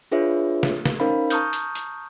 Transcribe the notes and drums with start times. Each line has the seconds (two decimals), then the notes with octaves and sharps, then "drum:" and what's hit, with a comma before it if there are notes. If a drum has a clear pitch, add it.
0.12 D4 F4 G#4 B4 C#5 E5
0.63 drum: snare
0.85 drum: snare
1.00 C#4 D#4 A#4 C5 F5 B5
1.30 A5 A#5 C#6 D#6 F6 G6, drum: hi-hat
1.53 drum: hi-hat
1.75 drum: hi-hat